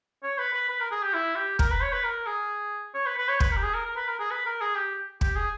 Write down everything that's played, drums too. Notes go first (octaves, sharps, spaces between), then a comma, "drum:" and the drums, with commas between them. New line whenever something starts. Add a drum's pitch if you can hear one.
C#5
B4
B4
B4
A#4
G#4
G4
E4
G4
A#4, drum: kick
B4
C#5
B4
A#4
G#4
C#5
B4
B4
C#5
B4, drum: kick
A#4
G4
G#4
A#4
A#4
B4
A#4
G#4
B4
A#4
G#4
G4
G4, drum: kick
G#4